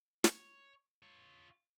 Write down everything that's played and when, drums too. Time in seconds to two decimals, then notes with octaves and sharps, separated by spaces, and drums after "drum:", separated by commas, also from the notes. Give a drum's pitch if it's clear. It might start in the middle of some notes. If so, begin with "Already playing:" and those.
0.24 C#5, drum: snare
1.03 F4 C#5